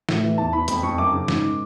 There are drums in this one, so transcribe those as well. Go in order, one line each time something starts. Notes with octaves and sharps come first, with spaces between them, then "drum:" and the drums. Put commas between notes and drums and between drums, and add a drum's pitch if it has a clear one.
A2, drum: snare
E3
E2 A5
E2 B5
F2 B5, drum: hi-hat
F2 C#6
F#2 D6
C#3
G#2, drum: snare
D#3